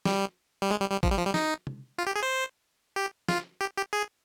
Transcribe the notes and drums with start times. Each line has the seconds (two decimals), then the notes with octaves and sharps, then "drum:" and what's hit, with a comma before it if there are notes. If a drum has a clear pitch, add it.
0.05 G3, drum: snare
0.62 G3
0.71 G#3
0.80 G3
0.91 G3
1.03 F3, drum: kick
1.11 G3
1.19 F3
1.26 G3
1.34 D#4, drum: snare
1.67 drum: tom C3
1.98 F4
2.07 G4
2.16 G#4
2.23 C5
2.96 G4
3.28 F4, drum: snare
3.61 G4
3.77 G4
3.93 G#4